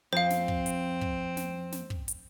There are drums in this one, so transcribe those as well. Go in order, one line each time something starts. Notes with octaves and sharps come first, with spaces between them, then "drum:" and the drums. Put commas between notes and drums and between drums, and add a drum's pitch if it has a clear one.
F2 C4 C5 F5
drum: snare
drum: kick
drum: hi-hat
drum: kick
drum: snare
drum: snare
drum: kick
drum: hi-hat